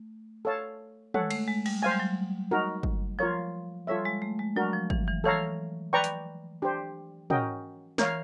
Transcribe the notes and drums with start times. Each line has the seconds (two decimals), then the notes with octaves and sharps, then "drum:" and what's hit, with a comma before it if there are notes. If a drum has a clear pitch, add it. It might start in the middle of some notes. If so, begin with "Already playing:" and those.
Already playing: A3
0.45 A4 C#5 F5 A5
1.14 G#3 A4 C#5 F#5, drum: tom
1.30 A3, drum: cymbal
1.48 G#3
1.66 G3, drum: cymbal
1.82 F#3 C5 F5 G#5
1.91 G3
2.00 F#3
2.51 D#4 F#4 A#4
2.83 drum: kick
3.19 F3 F4 A#4 C#5
3.87 G3 F4 A4 C#5 E5
4.05 G#3
4.22 A3
4.39 G#3
4.56 F#3 D4 F#4 A#4
4.73 F3
4.90 E3, drum: kick
5.07 E3
5.24 E3 A4 C#5 F5 A#5
5.93 B4 D5 G5 A#5 C#6
6.04 drum: hi-hat
6.62 D4 G4 C5
7.30 C#4 F#4 A#4 D#5 G5, drum: tom
7.98 E3 A#4 C#5 F5, drum: snare